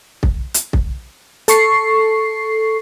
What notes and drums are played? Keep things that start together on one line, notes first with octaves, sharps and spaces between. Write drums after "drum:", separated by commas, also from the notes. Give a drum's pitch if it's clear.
drum: kick
drum: hi-hat
drum: kick
A4 C#6 C7, drum: hi-hat